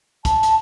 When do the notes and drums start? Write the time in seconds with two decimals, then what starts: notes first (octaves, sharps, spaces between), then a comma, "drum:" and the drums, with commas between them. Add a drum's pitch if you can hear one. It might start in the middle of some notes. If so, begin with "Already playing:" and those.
0.25 A5, drum: kick, hi-hat
0.43 drum: hi-hat